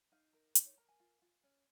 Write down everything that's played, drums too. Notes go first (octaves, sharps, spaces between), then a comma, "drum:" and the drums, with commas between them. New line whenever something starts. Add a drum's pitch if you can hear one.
D#4 F5
A#4
D#4 D#5, drum: hi-hat
C#5
A#4 A#5
G#5
F4
F4
C#4